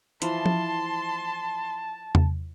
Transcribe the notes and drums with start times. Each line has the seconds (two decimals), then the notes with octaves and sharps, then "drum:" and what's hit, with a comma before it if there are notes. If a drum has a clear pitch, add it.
0.22 E3 F3 A5 C6, drum: hi-hat
0.46 drum: tom F3
2.15 drum: tom E2